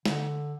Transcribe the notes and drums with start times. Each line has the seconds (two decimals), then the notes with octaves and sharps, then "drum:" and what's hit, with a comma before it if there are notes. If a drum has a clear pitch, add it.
0.06 D3, drum: snare